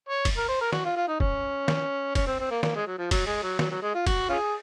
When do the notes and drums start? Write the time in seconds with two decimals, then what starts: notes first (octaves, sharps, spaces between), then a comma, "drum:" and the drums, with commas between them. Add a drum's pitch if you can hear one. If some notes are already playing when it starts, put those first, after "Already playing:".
0.09 C#5
0.25 drum: kick, cymbal
0.38 A#4
0.49 C5
0.61 A#4
0.73 F#4, drum: snare
0.85 F4
0.97 F4
1.08 D#4
1.20 C#4, drum: kick
1.68 drum: snare
2.15 C#4, drum: kick, cymbal
2.27 C4
2.40 C4
2.51 A#3
2.63 A#3, drum: snare
2.75 G#3
2.87 F#3
2.99 F3
3.11 F#3, drum: kick, cymbal
3.26 G#3
3.43 F#3
3.59 F#3, drum: snare
3.71 F#3
3.82 G#3
3.95 F4
4.06 F#4, drum: kick, cymbal
4.29 C#4 F4 G#4